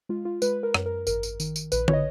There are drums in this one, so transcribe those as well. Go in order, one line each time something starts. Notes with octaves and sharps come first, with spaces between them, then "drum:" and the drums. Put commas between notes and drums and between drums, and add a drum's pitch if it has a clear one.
G#3 F4
F4
G#3 B4, drum: tambourine
A#4
F#2, drum: rim click
A#4
G#1 A#4, drum: tambourine
drum: tambourine
D#3, drum: tambourine
drum: tambourine
A#1 B4, drum: tambourine
C#5, drum: tom
D#5